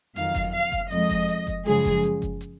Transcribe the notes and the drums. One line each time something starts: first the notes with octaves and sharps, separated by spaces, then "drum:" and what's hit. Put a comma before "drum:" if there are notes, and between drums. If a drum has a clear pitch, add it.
F2 D#3 F#3 F5, drum: hi-hat
drum: kick F#1, open hi-hat
F5
drum: kick F#1, hi-hat
F2 F3 G#3 D#5, drum: hi-hat
drum: kick F#1, open hi-hat
drum: hi-hat
drum: kick F#1, hi-hat
F#2 C#3 F3 G#3 G#4, drum: hi-hat
drum: kick F#1, open hi-hat
drum: hi-hat
drum: kick F#1, hi-hat
drum: hi-hat